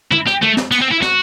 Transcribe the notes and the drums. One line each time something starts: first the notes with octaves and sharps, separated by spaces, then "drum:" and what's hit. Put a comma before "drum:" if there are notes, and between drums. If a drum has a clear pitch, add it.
E4, drum: tom
G4, drum: snare
A3, drum: tom
drum: snare
B3, drum: cymbal
C4
E4
F#4, drum: snare